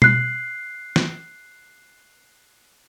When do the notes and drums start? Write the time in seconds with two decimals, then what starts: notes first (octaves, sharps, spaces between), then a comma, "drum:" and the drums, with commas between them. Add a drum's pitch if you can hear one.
0.02 F#6 C7, drum: tom B2
0.96 drum: snare